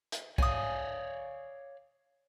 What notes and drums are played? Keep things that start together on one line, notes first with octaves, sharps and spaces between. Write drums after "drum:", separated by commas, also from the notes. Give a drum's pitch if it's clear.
drum: hi-hat
C#5 D5 F5 G#5 D#6, drum: kick